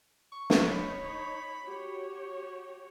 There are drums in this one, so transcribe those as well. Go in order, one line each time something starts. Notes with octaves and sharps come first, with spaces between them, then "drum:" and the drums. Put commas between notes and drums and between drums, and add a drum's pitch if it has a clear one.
C#6
drum: snare
D#4 C#5 B5
F#4 G4 C#5